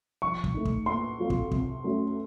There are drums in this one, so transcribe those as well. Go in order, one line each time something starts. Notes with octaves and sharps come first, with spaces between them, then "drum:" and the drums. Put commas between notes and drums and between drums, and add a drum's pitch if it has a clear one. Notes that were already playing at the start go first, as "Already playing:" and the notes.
F3 C#6
drum: kick
A3 D#4
drum: kick
A#2 C6
F#3 C4 F4 A4
drum: kick
C3, drum: kick
F#3 A3 C#4 F#4